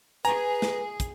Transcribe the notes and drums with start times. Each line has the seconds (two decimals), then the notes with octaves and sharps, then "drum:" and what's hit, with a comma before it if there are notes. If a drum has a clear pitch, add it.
0.25 G#4 B4 G#5 A#5, drum: hi-hat
0.62 drum: snare
1.00 drum: kick, hi-hat